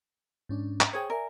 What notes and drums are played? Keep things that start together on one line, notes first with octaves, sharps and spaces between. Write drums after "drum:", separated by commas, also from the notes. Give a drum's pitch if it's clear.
G#2 C#4 D4
drum: clap
G#4 C5 C#5 G5
A#4 D5 E5 G#5